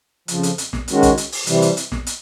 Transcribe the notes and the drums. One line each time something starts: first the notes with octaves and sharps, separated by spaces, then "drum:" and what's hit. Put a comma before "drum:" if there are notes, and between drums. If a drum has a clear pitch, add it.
F2 C#3 F3, drum: hi-hat
drum: hi-hat
drum: hi-hat
drum: snare
D#3 G#3 C#4 F#4, drum: hi-hat
drum: kick, hi-hat
drum: hi-hat
drum: open hi-hat
C3 E3 G3, drum: hi-hat
drum: hi-hat
drum: hi-hat
drum: snare
drum: hi-hat